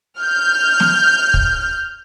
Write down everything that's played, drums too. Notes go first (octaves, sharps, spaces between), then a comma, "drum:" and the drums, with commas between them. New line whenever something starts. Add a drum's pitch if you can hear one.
F6 G6
drum: snare
drum: kick